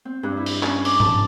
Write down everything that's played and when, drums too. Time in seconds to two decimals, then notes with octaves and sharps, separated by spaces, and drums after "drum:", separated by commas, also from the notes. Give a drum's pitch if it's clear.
0.05 C4
0.23 G2
0.37 E4
0.46 drum: open hi-hat
0.63 C#4, drum: clap
0.85 D6, drum: open hi-hat
1.00 A5, drum: tom G#2